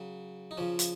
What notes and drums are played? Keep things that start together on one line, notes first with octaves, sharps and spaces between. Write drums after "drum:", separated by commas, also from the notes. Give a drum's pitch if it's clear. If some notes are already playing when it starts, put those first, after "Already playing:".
Already playing: C#3 F#3
D#4
C#3 F3 C#4
drum: hi-hat